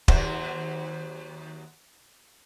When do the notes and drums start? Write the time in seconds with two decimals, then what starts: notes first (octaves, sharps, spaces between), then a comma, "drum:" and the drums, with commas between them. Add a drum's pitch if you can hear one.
0.08 D#2 F#3 C5, drum: kick